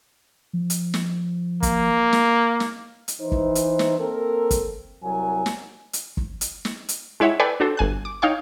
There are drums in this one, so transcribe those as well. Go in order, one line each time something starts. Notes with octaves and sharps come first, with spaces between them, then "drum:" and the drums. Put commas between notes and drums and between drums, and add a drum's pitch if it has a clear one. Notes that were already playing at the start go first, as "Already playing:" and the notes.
F3
drum: hi-hat
drum: snare
A#3, drum: kick, hi-hat
drum: snare
drum: snare
drum: hi-hat
E3 D#4 C5
drum: kick
drum: hi-hat
drum: snare
A#3 C4 A4 A#4
drum: kick, hi-hat
C2 F#3 A#4 G#5
drum: snare
drum: hi-hat
drum: kick
drum: hi-hat
drum: snare
drum: hi-hat
G#3 E4 C#5 E5 F#5
A4 B4 D5 G5 G#5
D4 F#4 A4 C5
G1 G#5 F#6
D6
D#4 C#5 F5 G5 G#5 C#6